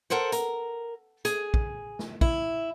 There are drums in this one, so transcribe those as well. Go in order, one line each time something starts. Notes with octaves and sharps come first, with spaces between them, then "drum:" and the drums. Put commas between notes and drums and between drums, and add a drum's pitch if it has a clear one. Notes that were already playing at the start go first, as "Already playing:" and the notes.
A4 A#4 C5 F#5
A#4, drum: hi-hat
G#4, drum: hi-hat
drum: kick
drum: snare
E4, drum: kick